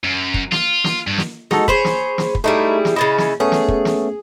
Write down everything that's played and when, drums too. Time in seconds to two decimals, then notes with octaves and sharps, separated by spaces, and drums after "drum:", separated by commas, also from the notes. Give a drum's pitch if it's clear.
0.04 F#2
0.34 drum: kick
0.52 F4, drum: snare
0.84 drum: snare
1.07 G2
1.18 drum: snare
1.51 G#3 D#4 F#4 A4, drum: snare
1.68 G#4 C5 C#5 B5, drum: kick
1.85 drum: snare
2.18 drum: snare
2.35 drum: kick
2.44 G3 A3 D#4 E4 G#4
2.85 drum: snare
2.96 C#3 C#4 E4 D#5 A6
3.18 drum: snare
3.40 A3 B3 C#4 G#4
3.52 drum: snare
3.68 drum: kick
3.85 drum: snare